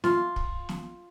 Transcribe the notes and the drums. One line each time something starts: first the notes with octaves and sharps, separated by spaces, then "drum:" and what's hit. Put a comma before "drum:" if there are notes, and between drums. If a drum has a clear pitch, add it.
F4, drum: snare
drum: kick
drum: snare